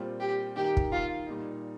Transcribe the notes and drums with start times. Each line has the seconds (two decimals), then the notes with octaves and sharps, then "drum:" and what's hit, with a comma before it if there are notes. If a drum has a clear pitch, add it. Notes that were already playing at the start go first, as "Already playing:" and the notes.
Already playing: A#2 G3 C4 F4
0.20 G4
0.56 D#3 A#3 D#4 G4
0.77 drum: kick
0.92 F4
1.27 A#2 G3 D#4